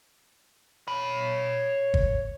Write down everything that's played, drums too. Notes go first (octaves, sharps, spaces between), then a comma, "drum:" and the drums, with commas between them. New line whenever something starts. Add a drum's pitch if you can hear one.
C#5 B5
drum: kick